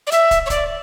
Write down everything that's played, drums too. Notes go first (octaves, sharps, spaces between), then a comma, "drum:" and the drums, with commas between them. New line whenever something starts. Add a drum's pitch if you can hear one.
D5
E5, drum: hi-hat
drum: kick, hi-hat
C#5
D5, drum: kick, hi-hat